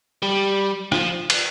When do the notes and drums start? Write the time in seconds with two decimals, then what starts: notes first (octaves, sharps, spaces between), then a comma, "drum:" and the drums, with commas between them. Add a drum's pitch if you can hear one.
0.22 G3
0.92 F3, drum: rim click
1.30 drum: cymbal